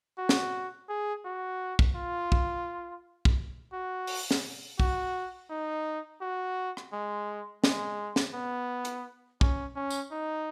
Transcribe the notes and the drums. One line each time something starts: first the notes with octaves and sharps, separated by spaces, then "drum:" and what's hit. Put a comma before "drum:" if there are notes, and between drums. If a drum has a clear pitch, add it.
F#4
drum: snare
G#4
F#4
drum: kick
F4
drum: kick
drum: kick
F#4
drum: open hi-hat
drum: snare
F#4, drum: kick
D#4
F#4
drum: rim click
G#3
G#3, drum: snare
drum: snare
B3
drum: hi-hat
C#4, drum: kick
C#4
drum: tambourine
D#4